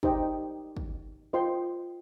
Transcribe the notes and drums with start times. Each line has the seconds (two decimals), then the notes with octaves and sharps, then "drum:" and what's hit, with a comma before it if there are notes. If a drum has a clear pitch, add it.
0.03 D#4 G4 C5 D#5 G5, drum: kick
0.77 drum: kick
1.33 F4 C5 D#5 G5 C6